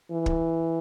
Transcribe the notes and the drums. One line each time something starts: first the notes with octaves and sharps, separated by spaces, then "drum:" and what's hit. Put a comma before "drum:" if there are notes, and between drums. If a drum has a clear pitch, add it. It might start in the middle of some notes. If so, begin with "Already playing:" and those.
E3
drum: kick